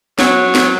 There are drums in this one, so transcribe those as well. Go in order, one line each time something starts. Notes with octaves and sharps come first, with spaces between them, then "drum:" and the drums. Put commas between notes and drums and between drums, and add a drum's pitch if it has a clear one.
F#3, drum: snare
drum: snare